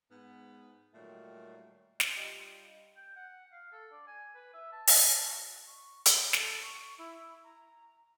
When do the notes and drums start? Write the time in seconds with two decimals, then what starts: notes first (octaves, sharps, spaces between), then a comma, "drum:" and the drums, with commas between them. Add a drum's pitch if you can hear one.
0.11 G#2 B3
0.94 A#2 D#3 F#3 G3 A3
2.00 drum: snare
2.17 G3 D4 F4 D#5
2.96 G5
3.16 F#5
3.52 F5
3.72 A4
3.92 D5
4.07 G#5
4.35 B4
4.54 E5
4.72 A5
4.87 B5, drum: open hi-hat
5.13 A5
5.25 F#4
5.66 C#6
6.06 B5, drum: hi-hat
6.33 A4, drum: snare
6.62 C#6
6.98 E4
7.44 A#5